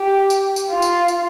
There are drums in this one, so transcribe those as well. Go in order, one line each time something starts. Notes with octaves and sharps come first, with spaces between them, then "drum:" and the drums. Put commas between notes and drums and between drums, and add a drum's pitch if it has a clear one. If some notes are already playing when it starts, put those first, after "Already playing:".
Already playing: G4
drum: tambourine
drum: tambourine
F4
drum: tambourine
drum: tambourine